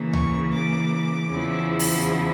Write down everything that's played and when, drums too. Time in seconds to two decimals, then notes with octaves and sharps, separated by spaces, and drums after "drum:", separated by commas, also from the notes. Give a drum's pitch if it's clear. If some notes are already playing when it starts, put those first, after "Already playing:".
Already playing: C#3 E3 A#3
0.13 C#6, drum: tom C#2
0.52 D6
1.30 E2 C#3 F3 C#4 E4
1.79 drum: open hi-hat